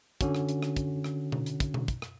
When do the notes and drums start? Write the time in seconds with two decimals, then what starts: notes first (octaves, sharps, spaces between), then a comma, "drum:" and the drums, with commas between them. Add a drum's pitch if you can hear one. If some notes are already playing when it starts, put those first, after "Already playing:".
0.21 D3 C#4 F#4, drum: kick, hi-hat
0.35 drum: rim click
0.49 drum: hi-hat
0.63 drum: rim click
0.76 drum: kick, hi-hat
1.04 drum: rim click
1.32 drum: tom B2
1.46 drum: hi-hat
1.60 drum: kick, hi-hat
1.74 drum: tom B2
1.88 drum: kick, hi-hat
2.02 drum: rim click